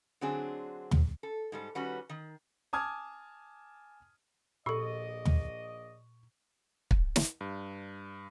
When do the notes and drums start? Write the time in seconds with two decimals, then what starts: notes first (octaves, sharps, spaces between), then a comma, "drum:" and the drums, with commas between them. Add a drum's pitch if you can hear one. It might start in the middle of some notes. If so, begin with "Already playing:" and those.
0.21 D3 F#3 C4 D4 G#4
0.91 drum: tom
1.23 A4
1.52 G#2 G3 A4
1.75 D#3 G3 C#4 F#4 B4
2.09 D#3
2.73 G#5 A5 D6 D#6 F6 G#6
4.66 A#1 A#2 A4 D5 D#5 C#6 E6
5.25 drum: tom
6.91 drum: kick
7.16 drum: snare
7.41 G2